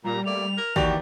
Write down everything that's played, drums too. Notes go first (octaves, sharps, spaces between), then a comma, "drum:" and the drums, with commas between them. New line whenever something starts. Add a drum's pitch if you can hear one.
A#2 G3 A#5
A3 A#3 D5 F7
A#4
D#2 E3 F#4 G4 D5, drum: kick